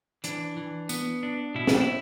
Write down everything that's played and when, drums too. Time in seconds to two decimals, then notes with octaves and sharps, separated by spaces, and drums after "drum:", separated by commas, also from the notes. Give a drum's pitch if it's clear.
0.24 E3 D4, drum: hi-hat
0.57 E3
0.89 B3, drum: tambourine
1.23 D4
1.55 B2 E4
1.67 D4, drum: snare
1.81 E4